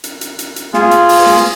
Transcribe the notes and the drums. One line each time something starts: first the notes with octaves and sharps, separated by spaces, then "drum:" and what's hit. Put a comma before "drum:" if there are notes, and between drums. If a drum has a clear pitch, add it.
drum: hi-hat
drum: hi-hat
drum: hi-hat
drum: hi-hat
F4 G#4, drum: snare
drum: hi-hat
drum: open hi-hat
drum: snare